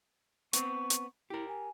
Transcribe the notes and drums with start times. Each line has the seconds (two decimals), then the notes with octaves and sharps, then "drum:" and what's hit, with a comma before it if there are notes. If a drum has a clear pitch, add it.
0.53 B3 C4 C#6, drum: hi-hat
0.90 drum: hi-hat
1.30 E4 G4 A#4
1.48 G#5